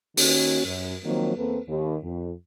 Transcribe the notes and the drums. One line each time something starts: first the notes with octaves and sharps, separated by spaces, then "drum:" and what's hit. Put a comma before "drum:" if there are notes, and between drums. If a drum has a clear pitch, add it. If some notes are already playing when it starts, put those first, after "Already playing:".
D#3 A#3 C#4 F#4, drum: open hi-hat
F#2
D#3 F3 F#3 A#3 C4
E2 A#3 C4 A4 B4
D#2
F2